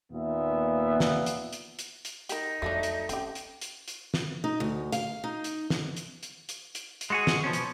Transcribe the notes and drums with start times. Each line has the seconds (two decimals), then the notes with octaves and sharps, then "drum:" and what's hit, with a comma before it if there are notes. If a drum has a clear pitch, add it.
0.12 D#2 A#2 B3 E5
1.00 drum: snare
1.26 drum: hi-hat
1.53 drum: hi-hat
1.79 drum: hi-hat
2.05 drum: hi-hat
2.29 D#4 G4 A#4, drum: hi-hat
2.62 F2 F#3 G3 A3 D4
2.83 drum: hi-hat
3.09 C4 C#4 G4, drum: hi-hat
3.35 drum: hi-hat
3.61 drum: hi-hat
3.88 drum: hi-hat
4.14 drum: snare
4.44 D#4
4.60 D2
4.92 F5, drum: hi-hat
5.24 D#4
5.44 drum: hi-hat
5.70 drum: snare
5.97 drum: hi-hat
6.23 drum: hi-hat
6.49 drum: hi-hat
6.75 drum: hi-hat
7.01 drum: hi-hat
7.10 G#3 F#4 G#4
7.27 drum: snare
7.44 B2 F3 C#4
7.53 drum: hi-hat